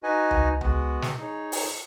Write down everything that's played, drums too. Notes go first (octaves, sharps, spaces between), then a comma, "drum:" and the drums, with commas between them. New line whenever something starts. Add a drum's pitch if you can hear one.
D#4 F#4 B4 D#5 G#5
drum: tom C#2
G#3 B3 F#4, drum: tom C#2
drum: snare
D#4 G#4 C#5
drum: open hi-hat